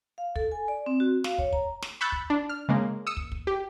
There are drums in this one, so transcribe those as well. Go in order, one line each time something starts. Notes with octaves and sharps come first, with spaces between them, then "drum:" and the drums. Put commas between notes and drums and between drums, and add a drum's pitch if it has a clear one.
F5
A4, drum: kick
G#5
D5
C4
F#4
F5, drum: snare
C#5, drum: kick
A#5, drum: kick
drum: snare
B5 C#6 E6 F#6 G6 A6
drum: kick
D4
F6
C#3 G#3 A#3
D#6 E6 C#7
drum: kick
drum: kick
G4